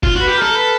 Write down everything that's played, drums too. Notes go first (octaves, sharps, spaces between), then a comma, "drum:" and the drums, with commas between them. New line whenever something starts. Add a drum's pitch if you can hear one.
F4, drum: kick F#1
F#4 B4
G4
A4 A#4
B4